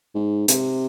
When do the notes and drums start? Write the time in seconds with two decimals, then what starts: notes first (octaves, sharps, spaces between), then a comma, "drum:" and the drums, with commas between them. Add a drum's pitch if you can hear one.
0.15 G#2
0.48 C3, drum: hi-hat